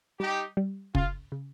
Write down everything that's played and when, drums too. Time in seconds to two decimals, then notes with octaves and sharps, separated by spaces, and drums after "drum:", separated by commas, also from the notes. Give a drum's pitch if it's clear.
0.20 G3 D#4 G4
0.57 G3
0.95 C#3 F4, drum: kick
1.32 C#3